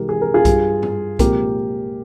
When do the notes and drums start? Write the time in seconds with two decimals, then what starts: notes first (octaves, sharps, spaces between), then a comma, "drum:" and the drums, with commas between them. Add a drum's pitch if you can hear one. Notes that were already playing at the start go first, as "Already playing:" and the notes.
Already playing: C2 C3 E3 G#3 G4 A#4
0.09 G#4
0.21 A#4
0.34 F4 G#4
0.45 G2 G3, drum: kick B1, hi-hat
0.83 drum: tom
1.19 C2 A#2 F3 G#3 G4 A#4, drum: kick B1, hi-hat